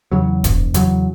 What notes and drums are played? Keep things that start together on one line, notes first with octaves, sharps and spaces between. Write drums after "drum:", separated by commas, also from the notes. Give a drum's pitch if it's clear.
E2 C#3 F#3
E1, drum: kick D#1, hi-hat
E2 C#3 F#3, drum: hi-hat